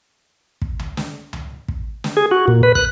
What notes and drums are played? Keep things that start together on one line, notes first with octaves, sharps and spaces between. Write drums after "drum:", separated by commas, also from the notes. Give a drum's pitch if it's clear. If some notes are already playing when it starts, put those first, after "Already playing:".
drum: kick
drum: tom C#2
drum: snare
drum: tom C#2
drum: kick
drum: snare
G#4
F#4
A#2
B4
F#6, drum: kick